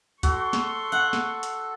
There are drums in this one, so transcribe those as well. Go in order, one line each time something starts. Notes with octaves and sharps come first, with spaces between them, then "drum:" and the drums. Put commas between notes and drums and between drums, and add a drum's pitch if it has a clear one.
F#4 A4 C6 C#6, drum: kick C#2, hi-hat
drum: snare
F#5
drum: snare
drum: hi-hat